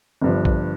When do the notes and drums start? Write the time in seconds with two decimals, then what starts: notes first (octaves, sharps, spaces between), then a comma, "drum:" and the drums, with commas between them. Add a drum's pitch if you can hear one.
0.22 G1 G2 F3
0.45 drum: kick A#1